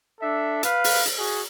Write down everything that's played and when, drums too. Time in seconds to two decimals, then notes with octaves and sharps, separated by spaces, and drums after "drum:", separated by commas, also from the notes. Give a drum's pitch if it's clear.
0.21 D4 A4 E5
0.63 B4 F5, drum: hi-hat
0.84 drum: open hi-hat
1.06 drum: hi-hat
1.18 F#4 G#4